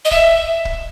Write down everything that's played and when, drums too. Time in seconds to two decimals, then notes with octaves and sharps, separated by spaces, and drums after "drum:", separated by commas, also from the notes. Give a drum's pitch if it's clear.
0.05 D#5
0.11 E5, drum: kick
0.65 drum: kick